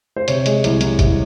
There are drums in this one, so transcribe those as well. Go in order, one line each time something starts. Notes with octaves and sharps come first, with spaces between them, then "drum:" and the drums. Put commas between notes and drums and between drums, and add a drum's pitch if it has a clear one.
C5
C3 C#5, drum: hi-hat
G#3, drum: hi-hat
C2, drum: hi-hat
C2, drum: hi-hat
C2, drum: kick, hi-hat